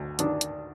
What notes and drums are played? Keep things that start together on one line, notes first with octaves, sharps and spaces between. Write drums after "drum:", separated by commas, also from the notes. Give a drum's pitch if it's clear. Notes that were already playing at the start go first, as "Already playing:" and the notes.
Already playing: D2
D#3 D4, drum: hi-hat
drum: hi-hat